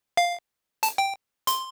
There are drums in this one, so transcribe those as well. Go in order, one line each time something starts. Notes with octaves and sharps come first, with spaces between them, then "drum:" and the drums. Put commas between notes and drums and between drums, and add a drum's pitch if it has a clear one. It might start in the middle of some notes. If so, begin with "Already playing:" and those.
F5
A5, drum: hi-hat
G5
C6, drum: hi-hat